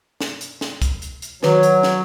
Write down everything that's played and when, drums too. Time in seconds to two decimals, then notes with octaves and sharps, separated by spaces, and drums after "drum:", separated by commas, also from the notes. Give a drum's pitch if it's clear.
0.21 drum: snare
0.41 drum: hi-hat
0.61 drum: snare
0.82 drum: kick C2, hi-hat
1.02 drum: hi-hat
1.22 drum: hi-hat
1.43 D#3 F#3 B4, drum: snare
1.63 drum: hi-hat
1.83 drum: snare